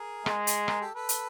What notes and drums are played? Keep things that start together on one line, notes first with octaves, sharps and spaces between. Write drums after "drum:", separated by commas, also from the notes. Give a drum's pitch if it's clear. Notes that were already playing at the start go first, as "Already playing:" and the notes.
Already playing: G#4 A#4
G#3, drum: rim click
drum: hi-hat
G#4 A#4, drum: rim click
G4 A4
A4 B4
drum: hi-hat